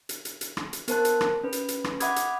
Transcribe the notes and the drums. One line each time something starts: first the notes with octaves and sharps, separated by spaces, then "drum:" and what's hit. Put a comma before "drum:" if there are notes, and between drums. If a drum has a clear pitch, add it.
drum: hi-hat
drum: hi-hat
drum: hi-hat
drum: rim click
drum: hi-hat
B3 A#4 C5 A5 F#6, drum: hi-hat
drum: hi-hat
drum: rim click
C#4 B4
drum: hi-hat
drum: hi-hat
drum: rim click
E5 F#5 B5 D6 D#6 G#6, drum: hi-hat
drum: hi-hat